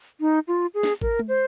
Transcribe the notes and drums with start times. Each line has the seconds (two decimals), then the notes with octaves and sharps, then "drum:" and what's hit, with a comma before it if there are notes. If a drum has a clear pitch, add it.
0.20 D#4
0.48 F4
0.74 G#4
0.83 drum: snare
1.01 A#4, drum: kick G#1
1.19 drum: tom G#3
1.28 C5